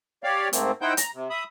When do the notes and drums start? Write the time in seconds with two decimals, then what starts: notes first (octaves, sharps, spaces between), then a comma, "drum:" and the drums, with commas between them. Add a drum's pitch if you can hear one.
0.24 G4 C#5 D5 F5
0.53 G#2 A3 A#3 C4, drum: hi-hat
0.82 D#4 E4 C5 F#5 G5 G6
0.97 A#5, drum: hi-hat
1.14 C3
1.30 E5 B5 D#6